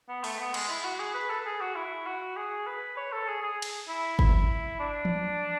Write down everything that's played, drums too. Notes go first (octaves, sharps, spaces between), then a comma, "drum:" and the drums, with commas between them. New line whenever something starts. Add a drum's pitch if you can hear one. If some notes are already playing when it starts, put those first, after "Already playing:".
B3
A3, drum: open hi-hat
B3
G#3, drum: cymbal
E4
F#4
G#4
B4
A4
G#4
F#4
E4
F#4
G#4
B4
C#5
A4
G#4
G#4
drum: cymbal
E4
E4, drum: kick
D4
drum: tom E3